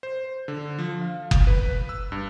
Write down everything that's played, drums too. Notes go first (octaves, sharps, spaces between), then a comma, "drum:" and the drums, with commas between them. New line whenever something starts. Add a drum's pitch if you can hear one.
C5
D3
F3
F5
drum: kick F#1
B4
E6
G2